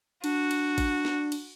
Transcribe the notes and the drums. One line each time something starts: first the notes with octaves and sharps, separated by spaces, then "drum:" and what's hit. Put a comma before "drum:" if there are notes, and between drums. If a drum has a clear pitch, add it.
D4 F#4, drum: cymbal
drum: cymbal
drum: kick A1, cymbal
drum: snare
drum: cymbal